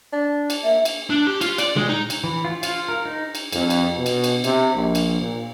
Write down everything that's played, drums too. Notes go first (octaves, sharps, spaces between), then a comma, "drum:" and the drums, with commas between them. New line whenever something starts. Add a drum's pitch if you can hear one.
D4
drum: cymbal
A#3 E5
drum: cymbal
D4
G4
F4, drum: cymbal
D5, drum: cymbal
G#3, drum: tom A#2
D#4
drum: cymbal
E3
F4
F4, drum: cymbal
A#4
D#4
drum: cymbal
F2, drum: cymbal
drum: cymbal
B2
drum: cymbal
drum: cymbal
C3, drum: cymbal
A#1
drum: cymbal
A#2